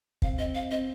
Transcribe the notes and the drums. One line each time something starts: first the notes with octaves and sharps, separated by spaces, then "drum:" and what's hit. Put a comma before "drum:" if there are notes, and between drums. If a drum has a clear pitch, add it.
C4 F5, drum: kick
C4 D#5
C4 F5
C4 D#5